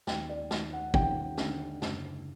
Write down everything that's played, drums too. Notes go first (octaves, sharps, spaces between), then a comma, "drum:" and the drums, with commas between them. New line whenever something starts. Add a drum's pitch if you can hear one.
D#2 G5, drum: snare
D5
D#2, drum: snare
F#5
D#2 G5, drum: kick
D3, drum: snare
F#1, drum: snare